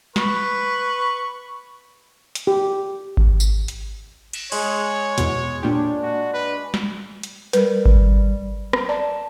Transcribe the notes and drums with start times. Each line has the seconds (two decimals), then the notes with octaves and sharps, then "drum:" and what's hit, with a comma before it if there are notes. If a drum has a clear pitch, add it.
0.16 B4 C#6, drum: snare
2.35 drum: hi-hat
2.47 G4
3.17 drum: kick G#1
3.40 drum: tambourine
3.68 drum: hi-hat
4.33 drum: cymbal
4.52 G#3 C#5, drum: cymbal
5.18 E2 B2, drum: hi-hat
5.63 A#2 D4 G4
6.03 F#4
6.34 B4
6.74 drum: snare
7.23 drum: hi-hat
7.53 G3 A#4 B4, drum: hi-hat
7.86 drum: kick G#1
8.73 A#5, drum: rim click
8.89 D5 A5